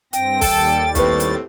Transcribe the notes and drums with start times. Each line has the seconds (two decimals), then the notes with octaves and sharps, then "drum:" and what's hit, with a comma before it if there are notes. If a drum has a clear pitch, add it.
0.13 G2 C4 G5 A#6, drum: hi-hat
0.41 D#2 G3 A4 A6, drum: kick B1, open hi-hat
0.95 A2 C4 G4 B4 C#6, drum: kick B1, hi-hat
1.20 drum: hi-hat